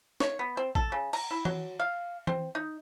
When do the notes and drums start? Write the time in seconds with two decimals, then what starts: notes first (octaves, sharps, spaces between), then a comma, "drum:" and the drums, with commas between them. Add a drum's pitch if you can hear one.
0.20 C#5, drum: snare
0.39 B3
0.57 C4
0.75 A4, drum: kick
0.92 C#3
1.13 A#5, drum: cymbal
1.31 E4
1.45 F#3, drum: tom E3
1.79 F5
2.27 C4, drum: tom E3
2.55 D#4